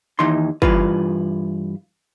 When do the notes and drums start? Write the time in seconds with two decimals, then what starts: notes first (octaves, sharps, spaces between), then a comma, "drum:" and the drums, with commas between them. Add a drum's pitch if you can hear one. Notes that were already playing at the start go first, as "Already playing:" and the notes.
0.19 D#2 E3 D#4 C6
0.62 G2 C#3 E3 F4 B4, drum: kick